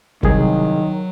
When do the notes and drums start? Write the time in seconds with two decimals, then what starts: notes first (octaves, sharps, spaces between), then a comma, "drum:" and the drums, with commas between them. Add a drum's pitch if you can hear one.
0.23 C2 D#3 F#3 G#4, drum: kick G1